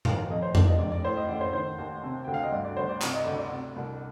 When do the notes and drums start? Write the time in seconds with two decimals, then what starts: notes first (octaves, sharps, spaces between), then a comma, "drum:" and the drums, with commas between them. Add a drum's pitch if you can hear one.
0.05 D#3 F5, drum: tom A2
0.30 F2 D#5
0.42 C5
0.55 A#2 D5, drum: tom F2
0.67 D#5
0.79 A#1 D5
0.92 D5
1.04 A2 C5
1.17 D#5
1.28 A1 D5
1.41 C5
1.53 D#3 C5
1.78 D#2
2.03 C3
2.24 D2 G5
2.34 F5
2.43 D#5
2.52 G2 D5
2.65 D5
2.77 G1 C5
2.89 D5
3.02 C3 D5, drum: clap
3.14 D#5
3.26 D2 D5
3.39 D5
3.51 C3 D5
3.76 C2